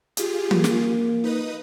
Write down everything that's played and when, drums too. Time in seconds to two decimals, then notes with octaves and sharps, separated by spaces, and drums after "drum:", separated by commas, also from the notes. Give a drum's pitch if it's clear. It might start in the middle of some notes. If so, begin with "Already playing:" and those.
0.17 F4 G4 G#4, drum: hi-hat
0.51 A#3, drum: tom E3
0.64 drum: snare
1.24 D#4 B4 D#6